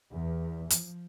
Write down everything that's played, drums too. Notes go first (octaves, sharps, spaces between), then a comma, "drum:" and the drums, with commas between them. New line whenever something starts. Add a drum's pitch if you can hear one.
E2
F3, drum: hi-hat